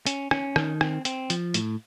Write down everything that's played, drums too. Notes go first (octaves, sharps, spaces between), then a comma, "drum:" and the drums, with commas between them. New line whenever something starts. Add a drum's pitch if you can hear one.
C#4, drum: hi-hat
C#4, drum: rim click
D#3, drum: rim click
C4, drum: rim click
C4, drum: hi-hat
F3, drum: hi-hat
A2, drum: hi-hat